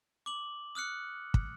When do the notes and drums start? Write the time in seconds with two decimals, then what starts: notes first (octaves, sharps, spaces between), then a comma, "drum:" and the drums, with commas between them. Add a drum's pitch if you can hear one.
0.26 D6 F#7
0.75 D#6 F6 F#6 C#7
1.34 drum: kick